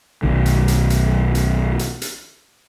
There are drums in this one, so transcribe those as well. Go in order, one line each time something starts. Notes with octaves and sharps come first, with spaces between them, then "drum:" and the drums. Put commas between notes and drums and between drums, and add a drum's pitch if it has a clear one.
B1 D#3
drum: hi-hat
drum: hi-hat
drum: hi-hat
drum: hi-hat
drum: hi-hat
drum: hi-hat